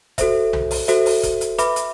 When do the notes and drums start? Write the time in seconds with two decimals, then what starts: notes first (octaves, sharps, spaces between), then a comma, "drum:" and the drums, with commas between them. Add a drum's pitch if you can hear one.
0.18 F#4 A4 C5 E5, drum: kick E1, hi-hat
0.53 drum: tom C2
0.71 drum: open hi-hat
0.88 F#4 A4 C5 E5, drum: hi-hat
1.06 drum: open hi-hat
1.23 drum: kick E1, hi-hat
1.41 drum: hi-hat
1.58 B4 E5 B5 D6, drum: hi-hat
1.76 drum: hi-hat